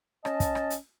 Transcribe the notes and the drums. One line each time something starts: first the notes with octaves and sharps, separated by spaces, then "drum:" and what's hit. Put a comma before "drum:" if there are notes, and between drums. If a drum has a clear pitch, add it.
C#4 D#5 A5, drum: rim click
drum: kick, hi-hat
drum: rim click
drum: hi-hat